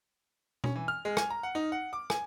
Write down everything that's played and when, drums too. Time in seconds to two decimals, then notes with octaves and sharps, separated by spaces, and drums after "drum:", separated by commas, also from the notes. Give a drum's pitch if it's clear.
0.64 C#4, drum: tom B2
0.76 E3
0.88 F6
1.05 G#3
1.17 G#5, drum: rim click
1.30 A#5
1.43 F#5
1.55 D#4
1.72 F#5
1.93 D6
2.10 G#5, drum: rim click